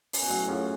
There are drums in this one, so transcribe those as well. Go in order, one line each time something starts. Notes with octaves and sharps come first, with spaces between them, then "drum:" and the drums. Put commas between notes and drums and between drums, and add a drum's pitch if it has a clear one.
C#3, drum: open hi-hat
B2
A2 F#3
F#2 C#4 F4 G#4